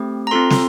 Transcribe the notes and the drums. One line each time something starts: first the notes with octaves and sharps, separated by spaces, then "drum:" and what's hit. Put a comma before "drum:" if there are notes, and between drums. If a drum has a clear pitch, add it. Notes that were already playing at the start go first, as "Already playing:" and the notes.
Already playing: A3 C4 G4
A#5
C4 F4 A4 C6
drum: snare